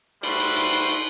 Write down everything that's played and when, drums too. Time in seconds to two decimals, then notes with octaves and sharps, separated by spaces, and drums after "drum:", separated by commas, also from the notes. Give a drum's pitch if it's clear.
0.23 G3 A3 F#4 B4 C5 C6, drum: cymbal
0.40 drum: cymbal
0.56 drum: cymbal
0.73 drum: cymbal
0.90 drum: cymbal